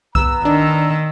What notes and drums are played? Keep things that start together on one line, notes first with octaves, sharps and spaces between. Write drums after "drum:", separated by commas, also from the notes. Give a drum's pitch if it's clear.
B3 A#5 E6, drum: kick B1
D#3 D4